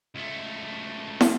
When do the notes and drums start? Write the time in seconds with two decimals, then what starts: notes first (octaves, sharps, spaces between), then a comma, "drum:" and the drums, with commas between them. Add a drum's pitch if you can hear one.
0.15 C#2 A3
1.21 drum: snare